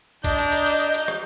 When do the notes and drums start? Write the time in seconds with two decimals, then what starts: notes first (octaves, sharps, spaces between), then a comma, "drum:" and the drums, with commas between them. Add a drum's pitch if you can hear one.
0.24 D4 D#5 A#5 G6, drum: kick, hi-hat
0.38 drum: hi-hat
0.52 drum: hi-hat
0.66 drum: hi-hat
0.80 drum: hi-hat
0.94 drum: hi-hat
1.08 drum: rim click